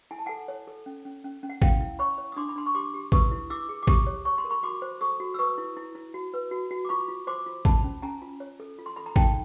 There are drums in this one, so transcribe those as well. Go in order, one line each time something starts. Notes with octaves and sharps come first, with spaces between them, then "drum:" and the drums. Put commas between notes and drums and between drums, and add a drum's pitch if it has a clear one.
E4 G#5
A5
A4 F#5 G#5
C#5
A4
C#4
C#4
C#4
C#4
F#5
E4 F5 G5, drum: kick A1
E4
C#5 B5 C#6
C#5
D#6
D4 C6 D6
B5
D4 C6
C#6
G4 C6 D6
G4
B4 C#6 D#6, drum: kick A1
E4
E4 D6 E6
G#4
D6
G4 C#6 D#6, drum: kick A1
C#5
C#5 C#6
C6
A#4
B5 C#6
F#4 C6 D6
C5
A4 C#6 D#6
F#4
E6
B4 C#6 D#6
E4
E4
E4
F#4
B4
F#4
F#4
D6
F4 B5 C#6
F4
C5 C6 D6
F4
C#4 A5 B5, drum: kick A1
C#4
C#4 G#5 A#5
F4
C#5
A4
F4
C6
A4 B5
A#5
D#4 G5 A5, drum: kick A1